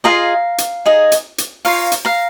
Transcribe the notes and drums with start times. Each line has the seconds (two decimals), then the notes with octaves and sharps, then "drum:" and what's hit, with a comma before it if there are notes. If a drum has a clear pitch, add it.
0.04 F4 G#4 D#5 F5 A#5
0.58 drum: hi-hat
0.86 D#4 G#4 D#5
1.12 drum: hi-hat
1.38 drum: hi-hat
1.65 F4 C#5 F5 A#5, drum: open hi-hat
1.92 drum: hi-hat
2.05 F5 A#5